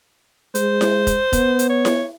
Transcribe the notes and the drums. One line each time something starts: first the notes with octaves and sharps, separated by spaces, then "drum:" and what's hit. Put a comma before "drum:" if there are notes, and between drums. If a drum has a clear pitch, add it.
G#3 C5, drum: hi-hat
drum: snare E4
drum: kick F1, hi-hat
B3, drum: kick F1, hi-hat
drum: hi-hat
C#5
drum: snare E4